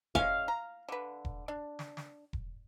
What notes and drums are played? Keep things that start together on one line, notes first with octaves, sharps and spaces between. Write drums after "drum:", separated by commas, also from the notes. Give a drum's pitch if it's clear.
G#3 C#4 F5, drum: kick E1
A#5
D3 B4
drum: kick E1
D4
drum: snare
drum: snare
drum: kick E1